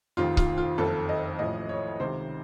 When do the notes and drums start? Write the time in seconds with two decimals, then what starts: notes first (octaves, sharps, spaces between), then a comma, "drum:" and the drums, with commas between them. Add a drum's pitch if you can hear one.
0.17 F1 F2 D#3 F4
0.37 F4, drum: kick C#1
0.58 F4
0.78 F#1 F2 D#3 A4
1.09 D#5
1.39 A1 A2 F3 D#5
1.69 C#5
2.00 C#2 C3 D#3 C5